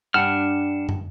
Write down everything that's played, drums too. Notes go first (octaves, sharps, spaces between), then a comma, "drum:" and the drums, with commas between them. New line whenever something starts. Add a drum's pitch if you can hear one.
G2 D4 F#5 F6 C#7 E7
drum: tom